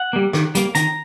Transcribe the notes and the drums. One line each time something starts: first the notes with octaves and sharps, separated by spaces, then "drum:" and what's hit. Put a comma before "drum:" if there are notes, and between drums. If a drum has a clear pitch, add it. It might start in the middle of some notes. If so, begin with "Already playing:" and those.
Already playing: F#5
G3 A#3
D#3, drum: rim click
G3 A#3, drum: hi-hat
D#3 A#5, drum: hi-hat